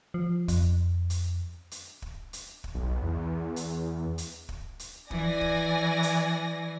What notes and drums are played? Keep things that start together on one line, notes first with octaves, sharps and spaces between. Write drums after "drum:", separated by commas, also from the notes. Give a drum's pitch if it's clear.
F3
F2, drum: kick, hi-hat
drum: hi-hat
drum: hi-hat
drum: kick
drum: hi-hat
drum: kick
B1
E2
drum: hi-hat
drum: hi-hat
drum: kick
drum: hi-hat
E3 D5 G#5 A#6, drum: kick
drum: kick
drum: hi-hat